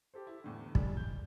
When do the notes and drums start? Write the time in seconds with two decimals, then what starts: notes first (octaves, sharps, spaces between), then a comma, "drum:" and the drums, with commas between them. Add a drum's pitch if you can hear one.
0.14 G4 A4 C5
0.27 E4
0.44 E2 A2 D3
0.75 G3 G#3, drum: kick
0.97 G6